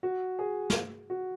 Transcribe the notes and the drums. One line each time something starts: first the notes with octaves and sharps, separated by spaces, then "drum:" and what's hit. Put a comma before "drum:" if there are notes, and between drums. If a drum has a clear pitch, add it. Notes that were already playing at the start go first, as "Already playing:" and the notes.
F#4
G#4
drum: snare
F#4